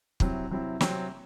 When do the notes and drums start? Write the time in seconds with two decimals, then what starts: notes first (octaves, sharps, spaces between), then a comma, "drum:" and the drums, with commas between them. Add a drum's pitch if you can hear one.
0.20 C3 F#3 C4 E4, drum: kick
0.50 C3 F#3 C4 E4
0.81 C3 F#3 C4, drum: snare